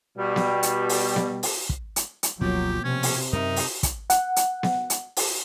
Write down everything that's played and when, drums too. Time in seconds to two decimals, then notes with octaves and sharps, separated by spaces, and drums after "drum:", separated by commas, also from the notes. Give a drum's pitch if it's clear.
0.18 B2 G3
0.36 drum: snare B3
0.63 drum: hi-hat
0.89 drum: open hi-hat
1.16 drum: snare B3
1.43 drum: open hi-hat
1.69 drum: kick
1.96 drum: hi-hat
2.23 drum: hi-hat
2.41 G1 D2 B2 F3 F#3 A#3 F4 G4
2.84 C3 C#4 G#6
3.03 drum: open hi-hat
3.33 F#2 D#4 A#4 E5
3.56 drum: open hi-hat
3.83 drum: kick, hi-hat
4.10 F#5, drum: hi-hat
4.36 drum: hi-hat
4.63 drum: snare B3
4.90 drum: hi-hat
5.17 drum: open hi-hat